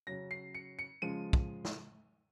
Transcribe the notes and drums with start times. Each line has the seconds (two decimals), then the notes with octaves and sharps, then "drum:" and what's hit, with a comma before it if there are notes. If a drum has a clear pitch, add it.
0.07 C#3 F#3 C#4 A#6
0.31 C7
0.55 C#7
0.79 C#7
1.02 C#3 F3 G#3 D#7
1.33 drum: kick
1.65 drum: snare